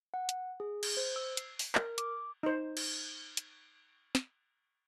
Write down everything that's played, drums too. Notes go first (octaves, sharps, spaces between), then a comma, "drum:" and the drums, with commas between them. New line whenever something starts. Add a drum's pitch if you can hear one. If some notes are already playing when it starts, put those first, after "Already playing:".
F#5
drum: hi-hat
G#4
drum: cymbal
C5
E6
C7, drum: hi-hat
drum: open hi-hat
A#4, drum: clap
D6, drum: hi-hat
D#4 C5
drum: cymbal
drum: hi-hat
drum: snare